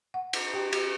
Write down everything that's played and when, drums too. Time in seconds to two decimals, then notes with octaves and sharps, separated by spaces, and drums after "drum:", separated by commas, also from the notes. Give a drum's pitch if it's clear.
0.14 F#5
0.33 drum: cymbal
0.54 G4 G5
0.73 G4, drum: cymbal